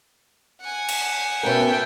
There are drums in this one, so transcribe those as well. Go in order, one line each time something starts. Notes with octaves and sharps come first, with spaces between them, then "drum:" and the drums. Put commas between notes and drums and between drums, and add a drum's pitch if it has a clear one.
F#5 G#5
drum: cymbal
B2 C#4 A#4 E5 G5